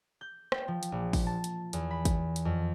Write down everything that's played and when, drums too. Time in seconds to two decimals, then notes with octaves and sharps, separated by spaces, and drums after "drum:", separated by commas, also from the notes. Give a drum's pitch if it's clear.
0.21 G6
0.52 G5, drum: rim click
0.68 F3
0.83 drum: hi-hat
0.92 A#1
1.13 drum: kick, open hi-hat
1.27 A5
1.44 drum: hi-hat
1.73 E2, drum: hi-hat
1.91 B5
2.05 drum: kick, hi-hat
2.36 drum: hi-hat
2.45 F2